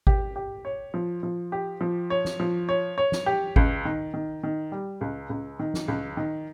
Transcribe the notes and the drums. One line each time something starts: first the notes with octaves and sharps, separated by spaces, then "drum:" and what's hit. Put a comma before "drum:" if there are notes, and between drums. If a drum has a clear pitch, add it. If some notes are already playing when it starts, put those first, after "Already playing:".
G4, drum: kick G#1
G4
C#5
F3
F3
G4
F3
C#5
drum: snare
F3
C#5
C#5
drum: snare
G4
C#2, drum: kick G#1
D#3
D#3
D#3
G3
C#2
C#2
D#3
drum: snare
C#2
D#3